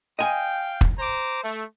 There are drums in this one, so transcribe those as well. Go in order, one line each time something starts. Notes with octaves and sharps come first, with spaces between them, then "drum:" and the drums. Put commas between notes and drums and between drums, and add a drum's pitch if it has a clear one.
D#5 F5 G5 G#5
drum: kick
C5 A#5 D6
A3